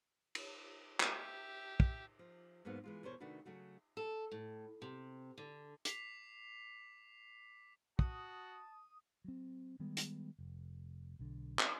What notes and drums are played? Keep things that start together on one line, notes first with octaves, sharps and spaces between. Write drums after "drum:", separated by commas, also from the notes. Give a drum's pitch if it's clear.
drum: cymbal
G4 E5, drum: clap
drum: kick
F3
E2 G#2 F#3 A#3 B3
E3 G#3 F4
E2 B2 A#4 C5 C#5
C3 D#3 A3 D4 F#4 B4
C#3 F#3 A3 F#4
A4
A2
C3
D3
D6 B6 C7 F7, drum: hi-hat
F#4 A5 D#6, drum: kick
F#3 C4
D#3 G3 G#3 B3
drum: hi-hat
F1
B1 D3
drum: clap